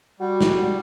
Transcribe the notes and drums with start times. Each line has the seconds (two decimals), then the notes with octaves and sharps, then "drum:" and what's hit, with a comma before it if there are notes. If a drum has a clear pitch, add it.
0.20 G3 F#4
0.41 drum: snare